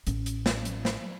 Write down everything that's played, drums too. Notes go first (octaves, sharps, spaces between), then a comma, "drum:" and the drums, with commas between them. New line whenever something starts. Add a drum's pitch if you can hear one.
A1 C#4, drum: hi-hat
drum: hi-hat
drum: snare
drum: hi-hat
drum: snare